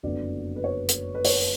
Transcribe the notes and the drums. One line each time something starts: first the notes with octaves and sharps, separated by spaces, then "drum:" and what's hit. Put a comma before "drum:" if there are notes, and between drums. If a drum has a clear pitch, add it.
F#1 F2 D3 F#3 B3 D5
B4
C#5
drum: hi-hat
B4
C#5, drum: open hi-hat